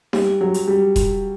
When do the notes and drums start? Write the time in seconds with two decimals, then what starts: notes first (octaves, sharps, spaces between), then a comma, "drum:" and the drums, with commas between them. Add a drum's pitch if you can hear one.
0.13 G3, drum: snare D#4
0.41 F#3
0.54 drum: hi-hat
0.68 G3
0.96 drum: kick E1, hi-hat